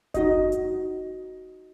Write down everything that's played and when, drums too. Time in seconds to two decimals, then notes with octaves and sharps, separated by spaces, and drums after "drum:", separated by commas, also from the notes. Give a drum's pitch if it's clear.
0.14 D#4 F#4 D#5, drum: kick F#1, hi-hat
0.52 drum: hi-hat